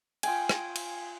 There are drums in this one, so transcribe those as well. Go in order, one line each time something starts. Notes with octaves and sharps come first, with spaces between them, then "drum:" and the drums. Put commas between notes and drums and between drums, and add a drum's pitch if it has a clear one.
F4 G5 G#5, drum: cymbal
drum: rim click
drum: cymbal